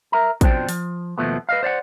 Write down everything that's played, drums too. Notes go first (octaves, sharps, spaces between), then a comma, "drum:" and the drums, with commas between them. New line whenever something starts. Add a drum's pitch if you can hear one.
A#4 E5 A#5
F2 B2 F3 D4 C5 G5, drum: kick A1, hi-hat
F3, drum: open hi-hat
D#2 B2 F3 A3 B3
B4 D#5 F5
C5 D5 F5 F#5